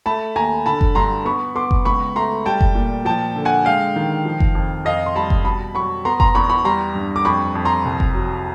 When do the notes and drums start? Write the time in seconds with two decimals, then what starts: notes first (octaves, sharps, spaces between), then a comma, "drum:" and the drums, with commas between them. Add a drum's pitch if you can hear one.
0.06 A3 A5 B5
0.35 D#2 G#5 A#5
0.66 D3 A5 B5
0.81 drum: kick F#1
0.95 G2 A#5 C6
1.25 B3 B5 C#6
1.55 B3 C6 D6
1.71 drum: kick F#1
1.85 C#2 B5 C#6
2.16 A3 A#5 C6
2.46 G3 G5 A5
2.61 drum: kick F#1
2.75 A#2
3.05 F3 G5 A5
3.36 D3
3.45 F#5 G#5
3.65 G#3 F5 G5
3.96 D#3
4.25 F3
4.40 drum: kick F#1
4.55 F2
4.85 F2 D#5 F5
5.06 C6
5.16 G3 A5 B5
5.30 drum: kick F#1
5.45 B2 A5 B5
5.75 F#3 B5 C#6
6.05 B3 A#5 C6
6.20 A#5 C6, drum: kick F#1
6.35 E2 B5 C#6
6.50 B5 C#6
6.65 G3 A#5 C6
6.95 G2
7.16 D6
7.25 F2 B5 C#6
7.55 F2
7.65 A#5 C6
7.85 C2
8.00 drum: kick F#1
8.14 F#3